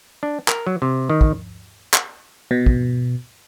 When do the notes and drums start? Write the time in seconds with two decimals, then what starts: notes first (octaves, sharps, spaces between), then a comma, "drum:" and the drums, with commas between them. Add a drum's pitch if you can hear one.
0.23 D4
0.48 A#4, drum: clap
0.67 F#3
0.82 C3
1.10 D#3
1.21 drum: kick
1.94 drum: clap
2.51 B2
2.66 drum: kick